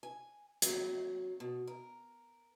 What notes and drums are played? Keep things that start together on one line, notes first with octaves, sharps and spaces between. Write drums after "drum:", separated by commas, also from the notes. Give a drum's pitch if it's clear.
G#5
F#3, drum: hi-hat
B2
A#4